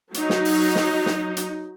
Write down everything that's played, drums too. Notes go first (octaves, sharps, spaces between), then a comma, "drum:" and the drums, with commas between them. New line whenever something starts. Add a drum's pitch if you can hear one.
F#3 D#4, drum: hi-hat
drum: snare
drum: open hi-hat
drum: snare
drum: snare
drum: hi-hat